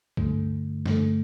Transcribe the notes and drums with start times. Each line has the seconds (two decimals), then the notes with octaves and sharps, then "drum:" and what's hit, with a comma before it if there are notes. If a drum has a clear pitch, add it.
0.17 G2 D3 A3, drum: kick
0.86 G2 D3 A3, drum: snare